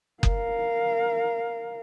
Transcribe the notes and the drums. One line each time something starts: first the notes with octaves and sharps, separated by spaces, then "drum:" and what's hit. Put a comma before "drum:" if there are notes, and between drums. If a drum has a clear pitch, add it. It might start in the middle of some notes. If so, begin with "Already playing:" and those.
A#4 F5, drum: kick F#1